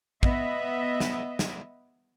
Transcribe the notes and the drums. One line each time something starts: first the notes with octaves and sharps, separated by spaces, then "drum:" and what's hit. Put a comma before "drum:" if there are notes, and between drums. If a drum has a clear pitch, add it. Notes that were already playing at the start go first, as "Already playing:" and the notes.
B3 D#5 E5, drum: kick
drum: snare
drum: snare